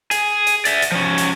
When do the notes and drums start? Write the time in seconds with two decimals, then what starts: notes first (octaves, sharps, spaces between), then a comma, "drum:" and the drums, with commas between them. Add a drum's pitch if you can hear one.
0.11 G#4, drum: hi-hat
0.47 drum: hi-hat
0.65 D5 E5, drum: hi-hat
0.82 drum: hi-hat
0.92 F3 C#4
1.18 drum: hi-hat